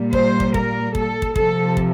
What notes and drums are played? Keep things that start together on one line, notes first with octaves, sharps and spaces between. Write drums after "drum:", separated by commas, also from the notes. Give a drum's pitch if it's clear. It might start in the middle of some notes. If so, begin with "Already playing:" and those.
Already playing: A#2 G3
C5, drum: kick
drum: kick
A#4, drum: kick
A4, drum: kick
drum: kick
C3 F3 A4, drum: kick
drum: kick